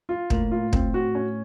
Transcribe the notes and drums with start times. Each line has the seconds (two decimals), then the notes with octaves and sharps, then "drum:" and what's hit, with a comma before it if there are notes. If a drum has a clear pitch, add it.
0.09 F4
0.30 A2 A#3, drum: kick
0.51 F4
0.73 C4, drum: kick
0.94 F#4
1.15 C#4